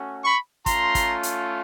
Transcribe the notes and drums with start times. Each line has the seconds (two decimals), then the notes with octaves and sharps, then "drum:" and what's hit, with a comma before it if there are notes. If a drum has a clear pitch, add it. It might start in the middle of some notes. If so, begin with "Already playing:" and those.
Already playing: A3 C#4 F#4
0.24 B5 C#6
0.66 A3 C#4 F4 A#5 C6, drum: kick, hi-hat
0.95 drum: kick, hi-hat
1.23 drum: hi-hat